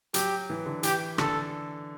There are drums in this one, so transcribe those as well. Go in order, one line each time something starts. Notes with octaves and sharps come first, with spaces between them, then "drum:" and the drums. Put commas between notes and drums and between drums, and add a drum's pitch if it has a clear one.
F#3 G4, drum: hi-hat
E3
D3
E3 G4, drum: hi-hat
D3 A4, drum: rim click